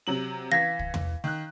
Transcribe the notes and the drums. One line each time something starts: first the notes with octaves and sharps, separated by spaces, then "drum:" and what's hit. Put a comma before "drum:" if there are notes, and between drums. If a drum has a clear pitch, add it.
C3 F#3 F#7
E3 F5 G#6 A#6 B6
drum: kick
drum: tom E2
D#3 F#6